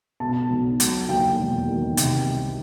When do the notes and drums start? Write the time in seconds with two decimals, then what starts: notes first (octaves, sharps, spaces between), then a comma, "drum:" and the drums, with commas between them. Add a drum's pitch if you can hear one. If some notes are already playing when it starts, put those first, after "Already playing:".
0.20 B2 A5
0.50 B1
0.80 F#3, drum: hi-hat
1.09 D#2 G5
1.38 E1
1.68 D#3
1.97 C3, drum: hi-hat
2.27 C2